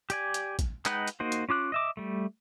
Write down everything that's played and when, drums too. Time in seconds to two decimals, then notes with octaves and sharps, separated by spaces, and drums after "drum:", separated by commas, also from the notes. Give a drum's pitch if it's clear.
0.10 G4 D5 G#5, drum: hi-hat
0.34 drum: hi-hat
0.59 drum: kick, hi-hat
0.86 G#3 D#4 B4 F#5 G5, drum: clap
1.08 drum: hi-hat
1.20 A#3 D#4 F#4 C5
1.32 drum: hi-hat
1.49 C#4 F4 D6 F#6
1.72 D#5 E5 D6
1.97 G3 A3